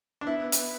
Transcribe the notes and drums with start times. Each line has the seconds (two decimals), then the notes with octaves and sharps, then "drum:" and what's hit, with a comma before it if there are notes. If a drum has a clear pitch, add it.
0.21 D4
0.26 B3 E4
0.52 drum: hi-hat